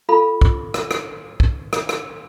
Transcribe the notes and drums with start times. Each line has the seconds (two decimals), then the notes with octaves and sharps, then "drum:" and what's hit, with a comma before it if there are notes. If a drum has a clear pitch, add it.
0.09 F4 A4 F5 B5
0.41 drum: kick
0.74 drum: rim click
0.91 drum: rim click
1.40 drum: kick
1.73 drum: rim click
1.89 drum: rim click